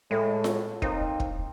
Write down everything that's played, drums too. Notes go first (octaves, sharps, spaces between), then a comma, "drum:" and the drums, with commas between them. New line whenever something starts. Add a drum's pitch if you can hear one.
A2 G#3
drum: snare F4
A#3 C4 D#4, drum: kick
drum: kick